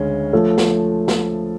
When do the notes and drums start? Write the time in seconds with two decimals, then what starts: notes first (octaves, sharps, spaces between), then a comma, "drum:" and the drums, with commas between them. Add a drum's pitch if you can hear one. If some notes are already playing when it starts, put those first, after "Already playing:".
Already playing: D2 C#3 G#3 C#4
0.33 F3 A3 F4 A4 C#5
0.58 drum: snare
1.08 drum: snare